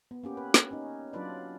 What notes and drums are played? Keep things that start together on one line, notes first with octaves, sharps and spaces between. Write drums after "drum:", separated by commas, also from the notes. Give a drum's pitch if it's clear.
B3
A#3 C#4 G4
B4
drum: snare
C#4 D#4
F#3 D4 F4 B4 D5